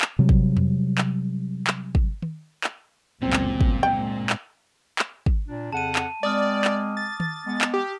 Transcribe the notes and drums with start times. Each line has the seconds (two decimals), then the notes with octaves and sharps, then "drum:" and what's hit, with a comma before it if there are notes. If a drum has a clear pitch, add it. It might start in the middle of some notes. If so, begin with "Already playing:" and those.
0.01 drum: clap
0.19 C3 F#3 G3
0.29 drum: kick
0.57 drum: tom E2
0.98 drum: clap
1.67 drum: clap
1.95 drum: kick
2.22 drum: tom D#3
2.64 drum: clap
3.22 G1 C#2 F#2 A#2 C4
3.33 drum: clap
3.61 drum: kick
3.83 G#2 G5
4.30 drum: clap
4.99 drum: clap
5.26 drum: kick
5.48 A#2 D4
5.73 F2 C#3 F#5 A5 D#7
5.95 drum: clap
6.23 G#3 C4 D5 D6 D#6 F6
6.65 drum: clap
6.97 A6
7.20 drum: tom D#3
7.46 G#3 B3
7.61 drum: clap
7.74 G4